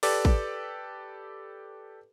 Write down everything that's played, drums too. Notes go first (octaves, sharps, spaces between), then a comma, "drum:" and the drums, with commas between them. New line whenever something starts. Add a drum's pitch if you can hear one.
G4 A4 B4 D5, drum: open hi-hat
drum: kick